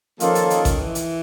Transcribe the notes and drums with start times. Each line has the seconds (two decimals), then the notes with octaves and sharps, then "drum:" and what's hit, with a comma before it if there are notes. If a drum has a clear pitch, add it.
0.20 D#3 F3 A#3 C#4 F4 A4, drum: hi-hat
0.35 drum: hi-hat
0.50 D#3, drum: hi-hat
0.65 drum: kick A1, hi-hat
0.80 E3
0.95 drum: hi-hat